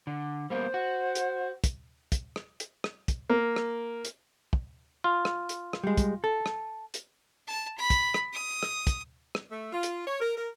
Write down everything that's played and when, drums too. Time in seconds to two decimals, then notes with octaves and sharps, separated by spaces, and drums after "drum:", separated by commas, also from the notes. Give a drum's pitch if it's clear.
0.07 D3
0.50 G3 A#3 B3 C5
0.74 F#4
1.15 drum: hi-hat
1.64 drum: kick, hi-hat
2.12 drum: kick, hi-hat
2.36 drum: rim click
2.60 drum: hi-hat
2.84 drum: rim click
3.08 drum: kick, hi-hat
3.30 A#3
3.56 drum: rim click
4.05 drum: hi-hat
4.53 drum: kick
5.04 F4
5.25 drum: rim click
5.49 drum: hi-hat
5.73 drum: rim click
5.84 G3 G#3
5.97 drum: kick, hi-hat
6.24 A4
6.46 drum: rim click
6.94 drum: hi-hat
7.48 A5
7.78 B5
7.90 drum: kick, hi-hat
8.14 drum: rim click
8.33 D#6
8.63 drum: rim click
8.87 drum: kick, hi-hat
9.35 drum: rim click
9.51 A3
9.72 F4
9.83 drum: hi-hat
10.07 C#5
10.21 A#4
10.37 A#4